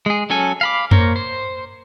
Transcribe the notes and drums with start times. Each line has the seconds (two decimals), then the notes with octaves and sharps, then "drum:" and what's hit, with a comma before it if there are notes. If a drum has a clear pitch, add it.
0.06 G#3 G#4
0.30 F#3 C#4 A4 G#5
0.61 F5 B5 D6
0.91 A#3 A#4 C5 C#5, drum: tom F2
1.16 C5